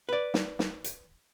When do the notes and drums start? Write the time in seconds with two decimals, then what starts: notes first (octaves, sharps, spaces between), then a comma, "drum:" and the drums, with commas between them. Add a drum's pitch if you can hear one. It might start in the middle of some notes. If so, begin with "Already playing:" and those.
0.09 B4 D5
0.34 drum: snare
0.59 drum: snare
0.84 drum: hi-hat